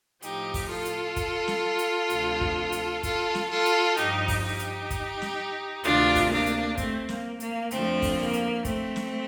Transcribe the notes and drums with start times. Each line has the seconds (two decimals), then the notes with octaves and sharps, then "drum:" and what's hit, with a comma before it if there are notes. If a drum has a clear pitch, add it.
0.22 A2 F3 D#4 G4, drum: hi-hat
0.54 drum: kick, open hi-hat
0.70 F4 A4
0.85 drum: hi-hat
1.16 drum: kick, hi-hat
1.48 drum: snare
1.79 drum: hi-hat
2.10 D2 C3 F3, drum: hi-hat
2.41 drum: kick
2.72 drum: hi-hat
3.03 F4 A4, drum: kick, hi-hat
3.35 drum: snare
3.50 F4 A4
3.66 drum: hi-hat
3.97 G2 F3 D#4 G4, drum: hi-hat
4.28 drum: kick, open hi-hat
4.43 D#4 G4
4.59 drum: hi-hat
4.91 drum: kick, hi-hat
5.22 drum: snare
5.84 D2 C3 D#3 D4 F4, drum: hi-hat
6.15 drum: kick, open hi-hat
6.30 A#3 D4
6.46 drum: hi-hat
6.78 A3 C4, drum: kick, hi-hat
7.09 A#3, drum: snare
7.40 A#3, drum: hi-hat
7.71 F2 D3 F3 A3 C4, drum: hi-hat
8.02 drum: kick, open hi-hat
8.18 A#3
8.33 drum: hi-hat
8.65 A3 C4, drum: kick, hi-hat
8.96 drum: snare